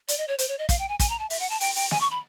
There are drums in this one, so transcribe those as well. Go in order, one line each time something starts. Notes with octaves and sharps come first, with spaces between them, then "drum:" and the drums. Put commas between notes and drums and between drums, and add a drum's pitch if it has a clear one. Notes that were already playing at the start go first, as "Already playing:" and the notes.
D5, drum: hi-hat
D#5
C#5
C5, drum: hi-hat
C#5
D#5
F5, drum: kick, hi-hat
G5
G#5
G#5, drum: kick, hi-hat
A#5
A5
E5, drum: open hi-hat
F#5
A5
G5, drum: open hi-hat
G5, drum: open hi-hat
G#5, drum: snare
C#6
B5